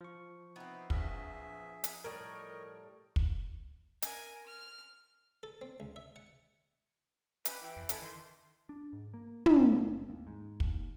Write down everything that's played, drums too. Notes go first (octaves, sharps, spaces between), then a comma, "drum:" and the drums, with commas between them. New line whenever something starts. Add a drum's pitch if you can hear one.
F3 C#6
B3 C4 D#4 E4
A#1 G#4 E5, drum: kick
drum: hi-hat
A2 G3 A#4 C#5 D#5
drum: kick
A#4 G#5, drum: hi-hat
F6
A4
C4
C#2
E5
F#5
G4 B4, drum: hi-hat
E3 G5
F2
E4 A4, drum: hi-hat
D#3 C6
D4
G#2
A#3
F#3, drum: tom
A#2
F#1
D#2
G#2
D#2, drum: kick